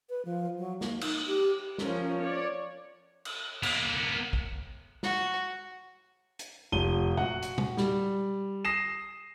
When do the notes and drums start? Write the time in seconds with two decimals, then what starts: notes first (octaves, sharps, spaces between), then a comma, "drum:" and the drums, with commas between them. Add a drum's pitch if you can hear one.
0.09 B4
0.25 F3
0.58 F#3
0.81 A#3, drum: snare
1.01 D#4, drum: cymbal
1.27 G4
1.78 F3 C#4 A#4, drum: snare
2.19 C#5 D5
3.25 drum: cymbal
3.63 A#3 B3, drum: cymbal
4.33 drum: kick
5.03 F#4, drum: snare
6.39 drum: hi-hat
6.72 F1 F3 D#7 G7
7.17 F#4 F#5, drum: tom A#2
7.42 drum: hi-hat
7.58 drum: tom A#2
7.77 G3, drum: snare
8.65 D#6 A#6 C7 E7